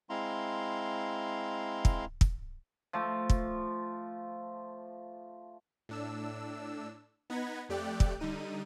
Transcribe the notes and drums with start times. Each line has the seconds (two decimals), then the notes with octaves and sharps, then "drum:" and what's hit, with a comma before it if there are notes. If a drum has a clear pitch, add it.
0.10 G#3 C4 E4 F5 A#5 C6
1.85 drum: kick
2.21 drum: kick
2.93 F3 A3
3.30 drum: kick
5.89 A2 D4 E6
7.30 B3 D#4 F#5 B5 G#6 A#6
7.69 F2 A3 G4 D5 G5 F#6
8.00 drum: kick
8.20 D3 G3 D#4 D#7